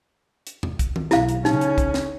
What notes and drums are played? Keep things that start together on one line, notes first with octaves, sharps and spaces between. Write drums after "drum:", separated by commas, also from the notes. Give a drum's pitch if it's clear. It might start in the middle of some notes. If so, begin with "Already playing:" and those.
drum: hi-hat
drum: tom E2
drum: kick, hi-hat
drum: tom D#3
B1 E4 F5, drum: snare
drum: hi-hat
C#3 C#4 D#4, drum: snare
drum: hi-hat
drum: kick, hi-hat
drum: snare